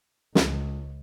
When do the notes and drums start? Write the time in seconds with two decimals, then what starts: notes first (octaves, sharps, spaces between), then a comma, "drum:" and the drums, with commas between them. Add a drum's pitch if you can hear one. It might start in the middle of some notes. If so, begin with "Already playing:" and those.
0.35 C#2, drum: snare